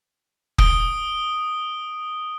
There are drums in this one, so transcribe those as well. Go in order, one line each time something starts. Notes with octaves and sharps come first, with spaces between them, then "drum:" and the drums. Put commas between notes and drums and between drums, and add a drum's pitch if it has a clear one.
D#6 D7 G7, drum: kick